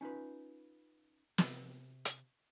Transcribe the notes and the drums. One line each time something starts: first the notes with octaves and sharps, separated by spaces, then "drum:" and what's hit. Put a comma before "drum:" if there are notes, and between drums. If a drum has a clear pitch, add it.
C#4 D#4 F4 B4
C3, drum: snare
drum: hi-hat